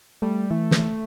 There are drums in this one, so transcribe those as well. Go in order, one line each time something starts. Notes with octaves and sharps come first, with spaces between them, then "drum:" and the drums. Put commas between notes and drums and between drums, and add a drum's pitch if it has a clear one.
G3 A3
E3 A3
drum: snare